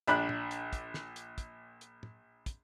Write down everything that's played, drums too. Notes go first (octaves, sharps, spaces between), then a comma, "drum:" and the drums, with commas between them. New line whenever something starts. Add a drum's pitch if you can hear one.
A#1 D4 B5 F#6, drum: hi-hat
drum: tom
drum: hi-hat
drum: kick, hi-hat
drum: snare
drum: hi-hat
drum: kick, hi-hat
drum: hi-hat
drum: tom
drum: kick, hi-hat